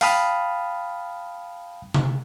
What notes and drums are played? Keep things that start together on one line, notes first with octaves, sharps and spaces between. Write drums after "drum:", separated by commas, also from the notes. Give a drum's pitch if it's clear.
F5 G5 A5 B5 D#6 F6, drum: open hi-hat
drum: tom C3